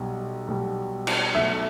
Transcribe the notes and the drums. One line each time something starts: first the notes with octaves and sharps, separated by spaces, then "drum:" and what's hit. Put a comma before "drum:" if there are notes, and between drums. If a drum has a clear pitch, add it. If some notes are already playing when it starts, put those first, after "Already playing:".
Already playing: B1 B2 G3
B1 B2 G3
drum: cymbal
B1 B2 A3 E5